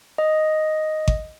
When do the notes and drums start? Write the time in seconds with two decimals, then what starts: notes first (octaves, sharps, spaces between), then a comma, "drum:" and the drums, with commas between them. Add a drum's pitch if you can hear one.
0.18 D#5
1.08 drum: kick G#1